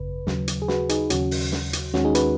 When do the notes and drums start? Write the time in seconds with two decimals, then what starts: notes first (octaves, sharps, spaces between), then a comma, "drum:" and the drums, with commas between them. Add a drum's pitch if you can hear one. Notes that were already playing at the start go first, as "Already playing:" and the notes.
Already playing: G#1 F#2 C#3 B4
0.27 D#2 C#3 F#3, drum: snare
0.48 drum: hi-hat
0.62 G#4
0.68 F#4 B4, drum: snare
0.89 D#4 G#4, drum: hi-hat
1.10 D#2 C#3 F#3 C#4 F#4, drum: hi-hat
1.31 drum: open hi-hat
1.52 drum: snare
1.73 drum: hi-hat
1.94 D#2 D#3 G#3 C#4 F#4, drum: snare
2.05 D#4 G#4
2.15 F#4 B4, drum: hi-hat